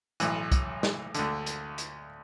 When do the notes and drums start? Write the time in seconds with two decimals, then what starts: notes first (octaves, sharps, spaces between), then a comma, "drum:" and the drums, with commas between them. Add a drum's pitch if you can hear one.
0.20 B1 A2 E3, drum: hi-hat
0.52 drum: kick C2, hi-hat
0.83 drum: snare
1.15 D2 D3, drum: hi-hat
1.46 drum: hi-hat
1.78 drum: hi-hat